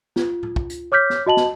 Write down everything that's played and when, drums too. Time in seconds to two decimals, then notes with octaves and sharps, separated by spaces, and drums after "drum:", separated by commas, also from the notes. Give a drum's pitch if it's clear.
0.16 F4, drum: snare
0.43 drum: tom A2
0.56 drum: kick
0.70 drum: hi-hat
0.92 C#5 D6 F6 G6 B6
1.10 drum: snare
1.26 F#4 D#5 A5 F#7
1.37 drum: snare